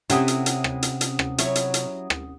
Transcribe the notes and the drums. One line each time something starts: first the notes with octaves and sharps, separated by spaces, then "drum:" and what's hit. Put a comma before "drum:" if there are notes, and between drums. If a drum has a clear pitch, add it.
C3 C#4 E4 G4 A4 F#5 D#6, drum: hi-hat
drum: hi-hat
drum: hi-hat
drum: rim click
drum: hi-hat
drum: hi-hat
drum: rim click
F#3 E4 C#5, drum: hi-hat
drum: hi-hat
drum: hi-hat
drum: rim click